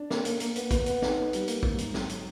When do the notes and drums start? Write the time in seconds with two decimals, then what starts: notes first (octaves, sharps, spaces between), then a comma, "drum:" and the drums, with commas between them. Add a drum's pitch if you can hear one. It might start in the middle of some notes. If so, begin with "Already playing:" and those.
Already playing: D4
0.10 A#3, drum: snare
0.25 A#3, drum: hi-hat
0.40 A#3, drum: hi-hat
0.55 B3, drum: hi-hat
0.71 B3, drum: kick, hi-hat
0.86 B3, drum: hi-hat
1.02 D#4, drum: snare
1.18 B3
1.33 G3, drum: hi-hat
1.48 A#3, drum: hi-hat
1.63 G#2, drum: kick
1.78 G#2, drum: hi-hat
1.94 F#3, drum: snare
2.09 drum: hi-hat